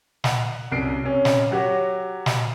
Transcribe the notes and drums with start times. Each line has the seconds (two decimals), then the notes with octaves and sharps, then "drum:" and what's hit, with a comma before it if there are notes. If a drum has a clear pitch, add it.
0.24 F#5 F7, drum: snare
0.72 C2 F#2 C7 D7
1.02 C3 C#4
1.25 drum: snare
1.51 F#3 F#4 G4
2.26 drum: snare